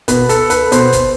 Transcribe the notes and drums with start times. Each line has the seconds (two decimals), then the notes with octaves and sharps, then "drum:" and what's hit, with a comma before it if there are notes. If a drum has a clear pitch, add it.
0.08 B2 B4, drum: kick F#1, hi-hat
0.29 A4, drum: hi-hat
0.50 B4, drum: hi-hat
0.72 B2 C5, drum: hi-hat
0.93 drum: kick F#1, hi-hat